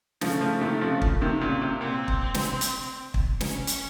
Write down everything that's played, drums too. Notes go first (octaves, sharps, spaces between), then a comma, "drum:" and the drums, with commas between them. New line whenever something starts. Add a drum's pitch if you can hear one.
C#3 F3 A3, drum: snare
C#3 F3
C3 D#3
C#3 F3
drum: kick
C3 D#3
A#2 C#3
C3
A#2 C4
drum: kick
drum: snare
drum: hi-hat
drum: kick
C#4, drum: snare
drum: hi-hat